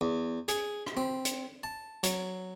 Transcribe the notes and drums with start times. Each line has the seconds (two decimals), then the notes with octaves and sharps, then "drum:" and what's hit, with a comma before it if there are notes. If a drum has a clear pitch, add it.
0.01 E2
0.48 G#4, drum: hi-hat
0.86 drum: rim click
0.97 C4
1.25 drum: hi-hat
1.63 A5
2.03 F#3, drum: hi-hat